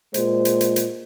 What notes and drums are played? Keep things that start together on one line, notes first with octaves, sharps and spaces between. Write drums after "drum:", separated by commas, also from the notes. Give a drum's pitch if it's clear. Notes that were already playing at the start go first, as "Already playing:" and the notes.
A#2 G#3 C5, drum: hi-hat
drum: hi-hat
drum: hi-hat
drum: hi-hat